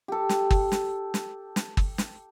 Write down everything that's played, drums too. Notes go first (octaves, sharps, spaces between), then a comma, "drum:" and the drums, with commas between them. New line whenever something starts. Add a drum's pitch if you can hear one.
G4 A4
drum: snare
drum: kick G1
drum: snare
drum: snare
drum: snare
drum: kick G1
drum: snare